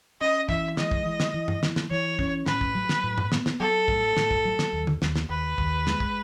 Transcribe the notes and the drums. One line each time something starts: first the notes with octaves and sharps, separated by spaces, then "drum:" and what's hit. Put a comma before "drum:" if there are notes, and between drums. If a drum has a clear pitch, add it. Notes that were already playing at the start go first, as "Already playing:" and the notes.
C#4 D#5
E3 E5, drum: kick
G#3 D#5, drum: snare
drum: kick
E3
drum: snare
E3
drum: tom
E3, drum: snare
drum: snare
E3 C#5
C#4, drum: kick
A2 B4, drum: snare
drum: kick
F#3
drum: snare
A2
drum: tom
B3, drum: snare
drum: snare
F#3 A4
A2, drum: kick
A2, drum: snare
drum: kick
F#3
drum: snare
D#2
drum: tom
D#2, drum: snare
drum: snare
D#2 B4
D#2, drum: kick
G#3, drum: snare
drum: kick